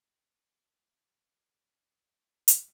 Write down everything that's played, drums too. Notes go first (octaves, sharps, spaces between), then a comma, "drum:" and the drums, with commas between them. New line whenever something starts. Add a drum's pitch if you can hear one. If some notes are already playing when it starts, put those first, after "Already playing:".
D5 C7
drum: hi-hat